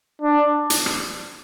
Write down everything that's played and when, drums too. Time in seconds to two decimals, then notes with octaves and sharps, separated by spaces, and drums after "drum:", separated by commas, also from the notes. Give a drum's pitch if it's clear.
0.22 D4
0.70 drum: hi-hat
0.86 drum: rim click